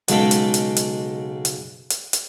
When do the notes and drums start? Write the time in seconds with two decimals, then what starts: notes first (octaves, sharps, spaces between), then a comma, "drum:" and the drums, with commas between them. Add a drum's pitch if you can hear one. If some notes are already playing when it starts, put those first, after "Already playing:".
0.08 B1 C#3 G#3 A4 G5 B5, drum: hi-hat
0.31 drum: hi-hat
0.54 drum: hi-hat
0.76 drum: hi-hat
1.45 drum: hi-hat
1.90 drum: hi-hat
2.13 drum: hi-hat